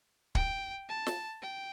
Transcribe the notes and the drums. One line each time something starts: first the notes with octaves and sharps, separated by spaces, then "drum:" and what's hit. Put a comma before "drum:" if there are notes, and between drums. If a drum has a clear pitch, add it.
G5, drum: kick
A5
drum: snare
G5